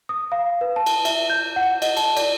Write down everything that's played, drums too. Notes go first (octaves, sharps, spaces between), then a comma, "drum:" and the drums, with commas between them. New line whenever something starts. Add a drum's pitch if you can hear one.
D#6
F5
B4
A5
drum: cymbal
E5, drum: cymbal
G6
F#5
D#5, drum: cymbal
A5, drum: cymbal
D5, drum: cymbal